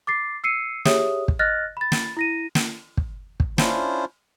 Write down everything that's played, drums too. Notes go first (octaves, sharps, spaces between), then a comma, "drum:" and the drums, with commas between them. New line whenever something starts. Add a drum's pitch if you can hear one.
D6 A6 C7
E6 C7 C#7 D#7
G4 G#4 C#5 E5 D#6, drum: snare
drum: kick
D#5 F6 F#6 A6 A#6
B5 A6
drum: snare
E4 A#6 D#7
drum: snare
drum: kick
drum: kick
C#4 D4 E4 F4 C5, drum: snare